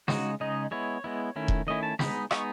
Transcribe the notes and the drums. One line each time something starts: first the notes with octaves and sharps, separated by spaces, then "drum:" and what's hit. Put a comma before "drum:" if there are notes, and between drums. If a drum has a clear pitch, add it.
C#3 G#3 D#4 F#4, drum: snare
C#3 G#3 D#4 D#5
G#3 B3 E4 C#5
G#3 B3 E4
D#3 A3 C#4 E4
drum: kick E1
D#3 A3 C#4 E4 D#5
A5
G#3 B3 D#4 B5, drum: snare
G#3 B3 D#4 C#6, drum: rim click